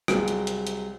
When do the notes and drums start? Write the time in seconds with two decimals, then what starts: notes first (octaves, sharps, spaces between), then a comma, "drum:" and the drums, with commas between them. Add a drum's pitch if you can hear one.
0.08 C2 F#3 G#3, drum: rim click
0.28 drum: hi-hat
0.47 drum: hi-hat
0.67 drum: hi-hat